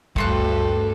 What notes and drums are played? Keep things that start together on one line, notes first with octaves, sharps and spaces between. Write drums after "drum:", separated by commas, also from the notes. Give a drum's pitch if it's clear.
D2 G2 A3 C4 A4 F#6, drum: kick